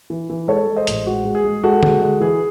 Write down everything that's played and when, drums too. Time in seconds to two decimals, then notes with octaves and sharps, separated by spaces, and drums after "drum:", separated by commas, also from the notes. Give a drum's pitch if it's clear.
0.10 E3
0.30 E3
0.48 G#3 A4 C#5
0.67 G#3
0.76 C5 D#5
0.87 A1, drum: hi-hat
1.06 G#3 F#4
1.25 G#3
1.35 G#4
1.44 G#3
1.64 G#3 F#4 A4
1.83 G#3, drum: tom D3
2.02 G#3
2.20 E3 G#4